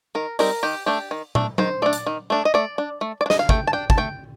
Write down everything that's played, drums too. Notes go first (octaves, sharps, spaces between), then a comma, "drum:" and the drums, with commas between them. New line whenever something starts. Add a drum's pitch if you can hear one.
D#3 A#4
G3 C4 D#4 A#4, drum: open hi-hat
D#3 G4
A3 D4 G4
D#3
A3 D4, drum: tom A#2
D#3 C5, drum: tom F#3
A3 D4 D5
drum: hi-hat
D#3
A3 D4
D#5
A3 D5
D4
A3
D5
D4
D#5, drum: snare
F5
A3 G5, drum: kick
A5
D4 G5
A5, drum: kick
A3 G5